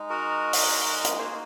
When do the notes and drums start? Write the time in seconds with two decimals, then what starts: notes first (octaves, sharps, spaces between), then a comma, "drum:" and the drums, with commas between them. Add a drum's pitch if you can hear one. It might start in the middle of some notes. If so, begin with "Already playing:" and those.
Already playing: G#3 D#4
0.10 F#4 A#4
0.53 drum: open hi-hat
1.05 drum: hi-hat
1.18 A#3 D#4 F#4 G#4 C5